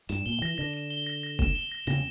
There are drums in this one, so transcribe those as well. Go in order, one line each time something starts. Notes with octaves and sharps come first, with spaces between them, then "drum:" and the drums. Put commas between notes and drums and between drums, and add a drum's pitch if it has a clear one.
G2 E7, drum: hi-hat
A#2 G7
E3 A#6
D3 A#6
E7
G7
A#6
A#6
E7, drum: kick
G7
A#6
C#3 A#6, drum: tom E2